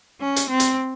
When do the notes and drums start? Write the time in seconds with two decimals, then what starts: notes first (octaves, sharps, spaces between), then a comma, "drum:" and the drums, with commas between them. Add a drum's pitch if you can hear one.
0.21 C#4
0.36 drum: hi-hat
0.50 C4
0.60 drum: hi-hat